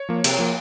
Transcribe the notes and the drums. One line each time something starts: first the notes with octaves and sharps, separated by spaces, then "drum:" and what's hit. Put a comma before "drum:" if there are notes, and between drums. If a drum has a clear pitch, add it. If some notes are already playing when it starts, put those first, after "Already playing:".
Already playing: C#5
F3 A#3
C3, drum: cymbal
F3 A#3